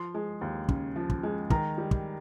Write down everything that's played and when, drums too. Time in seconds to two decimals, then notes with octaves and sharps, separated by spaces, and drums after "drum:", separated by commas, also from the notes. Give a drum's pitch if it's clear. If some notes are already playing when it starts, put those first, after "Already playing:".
Already playing: F3 C6
0.14 G#3
0.41 D#2
0.69 C#3, drum: kick
0.96 F3
1.10 drum: kick
1.23 G#3
1.50 D#3 A#5, drum: kick
1.78 G3
1.91 drum: kick